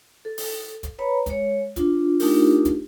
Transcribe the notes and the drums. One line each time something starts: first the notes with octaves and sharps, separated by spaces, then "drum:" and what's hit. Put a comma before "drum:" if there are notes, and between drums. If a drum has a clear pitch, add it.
A4
drum: open hi-hat
drum: kick, hi-hat
B4 C#5 A#5 B5
G#3 C#5, drum: kick, hi-hat
D4 F4, drum: kick, hi-hat
A3 D4 D#4 F4 G4 A#4, drum: open hi-hat
drum: kick, hi-hat